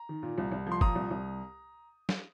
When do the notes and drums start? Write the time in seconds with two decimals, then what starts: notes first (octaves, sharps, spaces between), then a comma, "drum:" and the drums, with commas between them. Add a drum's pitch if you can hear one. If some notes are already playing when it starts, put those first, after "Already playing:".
Already playing: A#5
0.09 D#3
0.23 A#2
0.38 C2
0.52 C2
0.67 F3
0.72 C6
0.81 A#2 A#5 D#6, drum: kick F#1
0.95 C2
1.11 C2
2.09 drum: snare